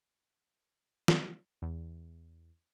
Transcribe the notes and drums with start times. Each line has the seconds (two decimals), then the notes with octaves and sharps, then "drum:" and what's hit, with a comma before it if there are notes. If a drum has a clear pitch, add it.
1.08 drum: snare
1.62 E2